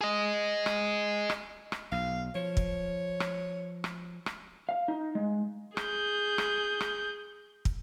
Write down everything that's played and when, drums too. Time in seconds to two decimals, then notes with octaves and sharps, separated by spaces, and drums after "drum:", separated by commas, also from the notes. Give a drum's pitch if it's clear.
0.01 G#4 D#5
0.66 drum: rim click
1.30 drum: rim click
1.72 drum: rim click
1.92 B1 F5
2.35 F3 C#5
2.57 drum: kick
3.20 drum: rim click
3.84 drum: rim click
4.26 drum: rim click
4.69 F5
4.88 D#4
5.15 G#3
5.77 G#4 G6, drum: rim click
6.38 drum: rim click
6.81 drum: rim click
7.65 drum: kick